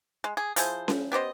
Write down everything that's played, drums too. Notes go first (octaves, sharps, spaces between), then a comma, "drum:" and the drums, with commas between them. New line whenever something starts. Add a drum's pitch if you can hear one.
G#3
G#4
F3 E4 G#4 C5, drum: hi-hat
drum: snare C#4
B3 G4 C5 D#5